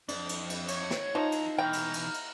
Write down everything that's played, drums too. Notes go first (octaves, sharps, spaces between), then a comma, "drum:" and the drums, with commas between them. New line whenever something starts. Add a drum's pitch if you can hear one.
F2 D4, drum: cymbal
drum: cymbal
drum: cymbal
C#5, drum: cymbal
drum: snare
F2 F3 D#4 A#5
drum: cymbal
B2 E3 G5 A#5 F6
drum: cymbal
drum: cymbal
drum: cymbal